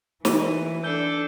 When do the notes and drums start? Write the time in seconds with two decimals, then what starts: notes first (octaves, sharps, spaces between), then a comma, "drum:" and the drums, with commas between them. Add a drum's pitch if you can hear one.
0.25 E3 D#7, drum: snare
0.83 D4 A4 E6 G6 G7